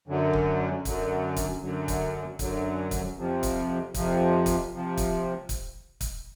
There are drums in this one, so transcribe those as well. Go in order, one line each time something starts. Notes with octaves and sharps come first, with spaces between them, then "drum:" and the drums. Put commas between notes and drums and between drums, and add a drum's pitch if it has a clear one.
F#2 D3 F#3
drum: kick
F#2 D3 F#3, drum: kick, hi-hat
drum: kick, hi-hat
F#2 D3 F#3
drum: kick, hi-hat
F#2 D3 F#3, drum: kick, hi-hat
drum: kick, hi-hat
F2 C3 F3
drum: kick, hi-hat
F2 C3 F3, drum: kick, hi-hat
drum: kick, hi-hat
C3 F3
drum: kick, hi-hat
drum: kick, hi-hat
drum: kick, hi-hat